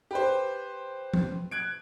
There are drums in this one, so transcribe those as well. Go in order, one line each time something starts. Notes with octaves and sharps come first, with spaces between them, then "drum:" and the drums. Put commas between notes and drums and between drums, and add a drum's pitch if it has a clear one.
G4 B4 C5
drum: tom F3
F#6 G#6 D7